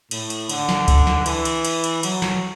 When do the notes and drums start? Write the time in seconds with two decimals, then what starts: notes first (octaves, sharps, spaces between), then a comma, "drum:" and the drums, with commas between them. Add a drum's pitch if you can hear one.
0.11 A2, drum: cymbal
0.30 drum: cymbal
0.49 D3, drum: cymbal
0.69 drum: snare
0.88 drum: kick C#2, cymbal
1.07 drum: snare
1.26 E3, drum: cymbal
1.45 drum: cymbal
1.65 drum: cymbal
1.84 drum: cymbal
2.03 F#3, drum: cymbal
2.22 drum: snare